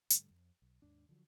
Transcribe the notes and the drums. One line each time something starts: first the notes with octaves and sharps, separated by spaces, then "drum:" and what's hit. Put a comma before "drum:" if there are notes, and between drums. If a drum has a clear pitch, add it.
G#2 D3 G3 A3, drum: hi-hat
F2
B1
D#2 G#2 D4
D3 F3 F#3